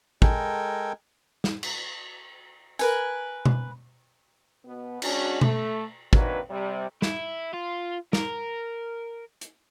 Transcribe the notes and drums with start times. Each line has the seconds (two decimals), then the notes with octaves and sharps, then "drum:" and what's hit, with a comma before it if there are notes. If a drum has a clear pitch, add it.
0.22 G#3 A4 A#4 G5 G#5, drum: kick
1.44 drum: snare
1.63 drum: cymbal
2.79 A#4 B4 G#5, drum: tambourine
3.45 drum: tom B2
4.65 B2 B3
5.02 G#3 C#4 D4 F#4, drum: cymbal
5.41 A3, drum: tom B2
6.13 F#3 A#3 C4 D4 D#4 B4, drum: kick
6.50 C3 G3
7.02 E4, drum: snare
7.54 F4
8.13 A#4, drum: snare
9.41 drum: hi-hat